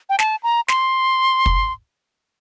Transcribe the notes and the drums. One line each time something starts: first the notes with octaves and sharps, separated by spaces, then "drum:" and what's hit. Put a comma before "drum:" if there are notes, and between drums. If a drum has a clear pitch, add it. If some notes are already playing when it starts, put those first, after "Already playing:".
G5
A5, drum: snare
A#5
C6, drum: snare
drum: kick